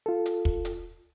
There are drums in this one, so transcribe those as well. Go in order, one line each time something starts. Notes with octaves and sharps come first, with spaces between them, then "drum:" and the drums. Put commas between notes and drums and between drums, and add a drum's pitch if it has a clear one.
F4 A4
drum: hi-hat
drum: kick
drum: hi-hat